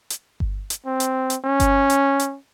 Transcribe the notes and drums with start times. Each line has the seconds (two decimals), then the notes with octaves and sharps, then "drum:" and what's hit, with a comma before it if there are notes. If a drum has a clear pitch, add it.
0.10 drum: hi-hat
0.40 drum: kick G1
0.70 drum: hi-hat
0.86 C4
1.00 drum: hi-hat
1.30 drum: hi-hat
1.45 C#4
1.60 drum: kick G1, hi-hat
1.90 drum: hi-hat
2.20 drum: hi-hat